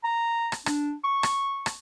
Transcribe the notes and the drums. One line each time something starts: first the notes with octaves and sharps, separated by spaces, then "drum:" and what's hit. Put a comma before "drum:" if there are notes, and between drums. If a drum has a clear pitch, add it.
A#5
drum: rim click
D4, drum: rim click
C#6
drum: rim click
drum: rim click